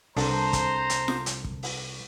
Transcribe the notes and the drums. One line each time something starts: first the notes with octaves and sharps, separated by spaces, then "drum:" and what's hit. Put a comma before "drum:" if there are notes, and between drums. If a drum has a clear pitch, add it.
C2 D4 A4 C5 A#5, drum: open hi-hat
drum: kick, hi-hat
drum: hi-hat
drum: snare
drum: hi-hat
drum: kick
drum: open hi-hat